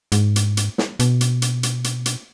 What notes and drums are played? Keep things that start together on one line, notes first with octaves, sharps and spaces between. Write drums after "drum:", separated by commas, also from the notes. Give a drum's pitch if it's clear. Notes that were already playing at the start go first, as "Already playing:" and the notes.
G#2, drum: hi-hat
drum: hi-hat
drum: hi-hat
drum: snare
B2, drum: hi-hat
drum: hi-hat
drum: hi-hat
drum: hi-hat
drum: hi-hat
drum: hi-hat